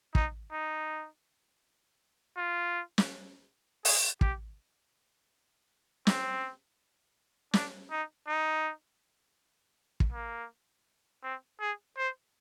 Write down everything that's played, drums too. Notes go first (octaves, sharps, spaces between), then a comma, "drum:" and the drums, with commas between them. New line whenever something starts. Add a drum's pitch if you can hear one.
D#4, drum: kick
D#4
F4
drum: snare
G#4, drum: open hi-hat
G4, drum: kick
C4, drum: snare
D4, drum: snare
D#4
D#4
drum: kick
A#3
C4
G#4
C5